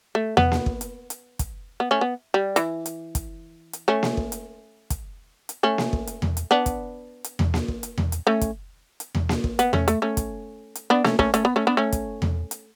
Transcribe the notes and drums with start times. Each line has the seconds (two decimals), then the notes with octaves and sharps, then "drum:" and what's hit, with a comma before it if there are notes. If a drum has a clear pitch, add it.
0.15 A3
0.37 B3, drum: tom E2
0.52 drum: snare A#3
0.66 drum: kick
0.81 drum: hi-hat
1.10 drum: hi-hat
1.39 drum: kick, hi-hat
1.80 B3
1.91 A3 C#4
2.01 B3
2.34 G3
2.56 E3, drum: hi-hat
2.86 drum: hi-hat
3.15 drum: kick, hi-hat
3.73 drum: hi-hat
3.88 A3 C#4
4.03 drum: snare A#3
4.17 drum: kick
4.32 drum: hi-hat
4.90 drum: kick, hi-hat
5.49 drum: hi-hat
5.63 A3 C#4
5.78 drum: snare A#3
5.93 drum: kick
6.07 drum: hi-hat
6.22 drum: tom E2
6.37 drum: hi-hat
6.51 B3 D4
6.66 drum: kick, hi-hat
7.24 drum: hi-hat
7.39 drum: tom E2
7.54 drum: snare A#3
7.68 drum: kick
7.83 drum: hi-hat
7.98 drum: tom E2
8.12 drum: hi-hat
8.27 A3 C#4
8.41 drum: kick, hi-hat
9.00 drum: hi-hat
9.15 drum: tom E2
9.29 drum: snare A#3
9.44 drum: kick
9.59 B3, drum: hi-hat
9.73 A3 C#4, drum: tom E2
9.88 A3, drum: hi-hat
10.02 A3 C#4
10.17 drum: kick, hi-hat
10.75 drum: hi-hat
10.90 B3 D4
11.04 A3 C#4, drum: snare A#3
11.19 A3 C#4, drum: kick
11.34 A3 C#4, drum: hi-hat
11.45 B3
11.56 A3 C#4
11.67 B3 D4
11.77 A3 C#4
11.92 drum: kick, hi-hat
12.22 drum: tom E2
12.51 drum: hi-hat